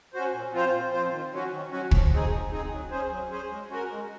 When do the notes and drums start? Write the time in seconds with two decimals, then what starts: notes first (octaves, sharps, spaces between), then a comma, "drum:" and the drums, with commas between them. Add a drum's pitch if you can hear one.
0.14 C#4 F#4 C5
0.33 A#2
0.53 F3 C4 F4 C5
0.72 A#2
0.92 F3 C4 F4 C5
1.12 D#3
1.32 F#3 C#4 F#4
1.52 D#3
1.71 F#3 C#4 F#4
1.91 F3, drum: kick
2.11 C4 D#4 G#4
2.31 F3
2.51 C4 D#4 G#4
2.71 F#3
2.91 C#4 G#4 C5
3.10 F#3
3.30 C#4 G#4 C5
3.50 G#3
3.70 C#4 F#4 A#4
3.90 G#3